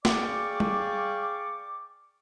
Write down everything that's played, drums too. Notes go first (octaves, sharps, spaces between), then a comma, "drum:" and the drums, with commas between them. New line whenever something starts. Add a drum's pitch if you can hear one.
G#4 D5 F5 G5 C#6 D6, drum: snare
drum: tom G3